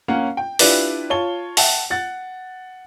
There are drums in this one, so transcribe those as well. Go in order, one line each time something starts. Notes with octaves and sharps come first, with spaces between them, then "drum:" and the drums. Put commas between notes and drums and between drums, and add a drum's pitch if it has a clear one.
A#3 C#4 C#5 F5 F#5
G5
D4 E4 F4 G4 B4 D5, drum: open hi-hat
F4 C#5 A5 G7
E5 F#5 G5 A5, drum: open hi-hat
F#5 A6